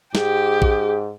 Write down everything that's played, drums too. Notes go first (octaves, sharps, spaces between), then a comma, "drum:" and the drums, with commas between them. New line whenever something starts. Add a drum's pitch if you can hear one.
G#2 G4 G#4, drum: snare
drum: kick A#1